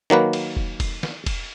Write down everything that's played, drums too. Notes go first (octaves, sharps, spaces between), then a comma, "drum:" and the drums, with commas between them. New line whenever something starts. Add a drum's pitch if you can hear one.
D#3 F#3 A#3 B4
drum: cymbal
drum: kick F1
drum: kick F1, cymbal
drum: snare
drum: kick F1, cymbal